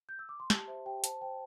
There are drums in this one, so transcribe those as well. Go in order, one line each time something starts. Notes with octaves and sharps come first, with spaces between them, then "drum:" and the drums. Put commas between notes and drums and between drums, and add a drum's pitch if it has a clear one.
G6
E6
D6
C6
G4 A5, drum: snare
C5 E5
G4 G5
C5 A5, drum: hi-hat
C5 G5